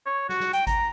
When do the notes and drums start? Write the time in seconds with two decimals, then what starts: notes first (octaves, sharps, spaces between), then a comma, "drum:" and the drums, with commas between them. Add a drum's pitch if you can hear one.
0.06 C#5
0.29 F#4, drum: snare
0.40 drum: snare
0.53 G5, drum: hi-hat
0.67 A#5, drum: kick G#1, hi-hat